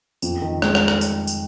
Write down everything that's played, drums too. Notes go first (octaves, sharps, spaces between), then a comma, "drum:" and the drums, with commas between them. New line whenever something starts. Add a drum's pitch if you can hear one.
F2, drum: tambourine
D#3
G#3, drum: rim click
drum: rim click
drum: rim click
drum: tambourine
drum: tambourine